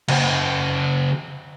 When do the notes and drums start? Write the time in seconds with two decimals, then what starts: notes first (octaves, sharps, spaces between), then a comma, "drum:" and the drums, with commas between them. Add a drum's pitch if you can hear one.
0.08 C#3 F#4, drum: cymbal